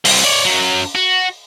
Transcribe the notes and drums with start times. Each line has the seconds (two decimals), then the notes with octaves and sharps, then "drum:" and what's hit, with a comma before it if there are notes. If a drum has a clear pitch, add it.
0.05 C2 C3, drum: open hi-hat
0.24 C#5 D5
0.45 F#2 F#3
0.96 F#4